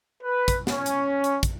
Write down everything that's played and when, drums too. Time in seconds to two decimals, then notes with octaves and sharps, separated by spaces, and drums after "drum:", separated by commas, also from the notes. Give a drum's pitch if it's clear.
0.22 B4
0.48 drum: kick, hi-hat
0.67 C#4, drum: snare
0.86 drum: hi-hat
1.24 drum: hi-hat
1.43 drum: kick, hi-hat